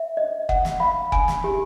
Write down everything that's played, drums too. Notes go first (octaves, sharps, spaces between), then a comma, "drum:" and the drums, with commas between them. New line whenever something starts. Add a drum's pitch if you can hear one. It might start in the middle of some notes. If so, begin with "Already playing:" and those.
Already playing: E5
D#5
F#5, drum: kick F#1
drum: snare
F5 B5
G#5, drum: kick F#1
drum: snare
G4